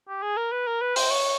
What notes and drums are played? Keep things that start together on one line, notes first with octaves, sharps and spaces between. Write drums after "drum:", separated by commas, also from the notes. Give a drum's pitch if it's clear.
G4
G#4
A#4
B4
A#4
B4
C5, drum: open hi-hat
C#5